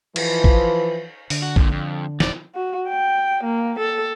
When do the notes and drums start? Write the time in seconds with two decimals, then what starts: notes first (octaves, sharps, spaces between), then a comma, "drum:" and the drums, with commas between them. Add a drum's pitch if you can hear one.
0.16 E3 F3, drum: cymbal
0.44 drum: kick
1.30 D3, drum: open hi-hat
1.42 F#4
1.56 F2 A#2, drum: kick
1.72 F2
2.20 D#1 D5, drum: snare
2.55 F#4
2.90 G5
3.44 A#3
3.80 A4